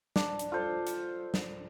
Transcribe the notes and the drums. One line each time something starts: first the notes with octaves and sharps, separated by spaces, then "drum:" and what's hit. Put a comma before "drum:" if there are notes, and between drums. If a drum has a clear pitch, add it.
D4, drum: snare
drum: hi-hat
F4 A4 C5
drum: hi-hat
drum: snare